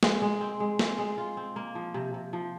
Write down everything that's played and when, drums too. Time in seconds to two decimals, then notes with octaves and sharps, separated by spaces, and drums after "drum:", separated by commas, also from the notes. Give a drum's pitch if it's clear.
0.03 G#3, drum: snare
0.22 G#3
0.41 C4
0.60 G#3
0.79 C4, drum: snare
0.98 G#3
1.18 F4
1.37 C4
1.56 A#3
1.75 F3
1.94 C3
2.14 C3
2.33 F3